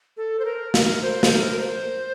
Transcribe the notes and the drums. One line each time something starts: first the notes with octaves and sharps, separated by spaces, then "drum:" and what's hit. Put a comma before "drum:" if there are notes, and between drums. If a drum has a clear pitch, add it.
A4
C5
A#4
A#4, drum: snare
C5
A4, drum: snare
A#4
C5